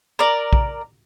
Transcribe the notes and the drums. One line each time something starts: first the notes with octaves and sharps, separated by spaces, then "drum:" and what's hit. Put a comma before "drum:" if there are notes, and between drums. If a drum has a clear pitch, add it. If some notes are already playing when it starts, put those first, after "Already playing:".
A#4 D5
drum: kick